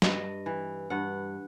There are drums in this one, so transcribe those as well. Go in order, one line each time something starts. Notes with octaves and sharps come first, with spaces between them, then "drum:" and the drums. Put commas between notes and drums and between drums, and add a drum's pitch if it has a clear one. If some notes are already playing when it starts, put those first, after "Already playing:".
G2 D#5, drum: snare
E3
G2 F#5